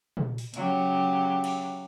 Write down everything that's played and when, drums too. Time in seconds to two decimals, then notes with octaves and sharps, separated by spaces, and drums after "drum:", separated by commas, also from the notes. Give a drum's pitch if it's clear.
0.17 drum: tom
0.38 drum: open hi-hat
0.54 C#3 F#3 G4, drum: hi-hat
1.44 drum: cymbal